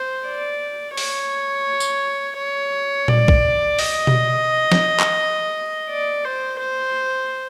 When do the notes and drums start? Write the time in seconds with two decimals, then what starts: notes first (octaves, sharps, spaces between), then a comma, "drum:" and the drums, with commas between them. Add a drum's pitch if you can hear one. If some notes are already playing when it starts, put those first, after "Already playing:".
Already playing: C5
0.27 D5
0.97 C#5, drum: open hi-hat
1.80 drum: tambourine
2.38 C#5
3.08 D5, drum: tom A#2
3.28 drum: kick B1
3.79 D#5, drum: open hi-hat
4.07 drum: tom B2
4.72 drum: snare
5.00 drum: clap
5.90 D5
6.25 C5
6.60 C5